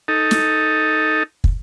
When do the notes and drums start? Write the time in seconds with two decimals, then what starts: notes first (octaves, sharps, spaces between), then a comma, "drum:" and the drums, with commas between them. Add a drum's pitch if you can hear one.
0.08 D#4 A4
0.31 drum: snare
1.44 drum: kick